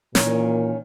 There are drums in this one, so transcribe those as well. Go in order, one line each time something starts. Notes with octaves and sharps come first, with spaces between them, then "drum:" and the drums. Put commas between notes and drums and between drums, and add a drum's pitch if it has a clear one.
A#2 D#3 E3 C#4, drum: snare